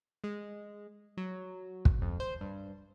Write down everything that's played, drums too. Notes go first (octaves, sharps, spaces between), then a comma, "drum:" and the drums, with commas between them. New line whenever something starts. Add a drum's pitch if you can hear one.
G#3
F#3
drum: kick
F2
C5
G2